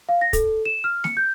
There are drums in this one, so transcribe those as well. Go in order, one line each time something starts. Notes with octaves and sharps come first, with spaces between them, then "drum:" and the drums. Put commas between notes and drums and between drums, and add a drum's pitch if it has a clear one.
F5
A#6
A4, drum: kick, hi-hat
E7
F6
C#7, drum: snare
G6